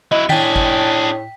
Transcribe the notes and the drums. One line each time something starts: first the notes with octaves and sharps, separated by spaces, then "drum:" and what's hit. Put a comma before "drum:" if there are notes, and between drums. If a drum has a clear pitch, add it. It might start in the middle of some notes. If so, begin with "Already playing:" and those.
F#3 E4 D#5
A2 D4 G#4 G5 B6, drum: tom
drum: kick G1